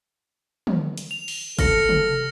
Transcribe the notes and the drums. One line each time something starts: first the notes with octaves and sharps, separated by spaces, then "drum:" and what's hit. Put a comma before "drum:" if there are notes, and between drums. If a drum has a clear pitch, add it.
drum: tom
drum: hi-hat
F7
drum: open hi-hat
A4 F6 A#6 C#7, drum: kick G#1, hi-hat
drum: tom